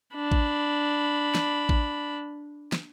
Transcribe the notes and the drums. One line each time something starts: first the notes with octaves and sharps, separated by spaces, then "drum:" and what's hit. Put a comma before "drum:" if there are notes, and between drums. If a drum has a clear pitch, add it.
D4 B5
drum: kick A1
drum: snare
drum: kick A1
drum: snare